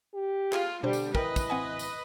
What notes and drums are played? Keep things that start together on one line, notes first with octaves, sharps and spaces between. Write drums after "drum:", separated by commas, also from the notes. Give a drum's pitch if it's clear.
G4
F4 G#4, drum: clap
B2 D3 G3 D4 C5
drum: tambourine
E3 A#4 B4 D#5 G5, drum: kick
drum: kick, tambourine
C4 F#5 G#5
drum: tambourine